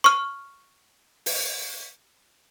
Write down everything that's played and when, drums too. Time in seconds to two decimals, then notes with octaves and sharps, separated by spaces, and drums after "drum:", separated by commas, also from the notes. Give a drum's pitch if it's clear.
0.04 C#6 F6
1.26 drum: open hi-hat